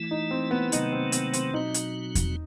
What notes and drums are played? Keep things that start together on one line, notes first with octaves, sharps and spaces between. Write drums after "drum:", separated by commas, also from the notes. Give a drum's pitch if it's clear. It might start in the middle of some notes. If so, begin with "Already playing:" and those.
Already playing: E3 A3 E4
D#4
C4
B3
C3 D#3 F#3 A3 D#4, drum: hi-hat
C4
C4, drum: hi-hat
C4, drum: hi-hat
B2 F#3 C4 D#4 F#4
drum: hi-hat
drum: kick E2, hi-hat